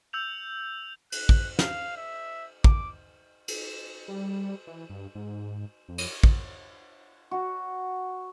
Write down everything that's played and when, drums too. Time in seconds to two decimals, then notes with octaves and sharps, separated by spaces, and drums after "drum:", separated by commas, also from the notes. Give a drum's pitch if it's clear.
0.13 E6 G6 F7
1.12 F#6, drum: cymbal
1.29 drum: kick
1.59 F5, drum: snare
1.97 E5
2.64 D6, drum: kick
3.48 drum: cymbal
4.08 G3
4.67 E3
4.89 G2
5.15 G#2
5.88 F2
5.98 drum: cymbal
6.23 drum: kick
7.31 F#4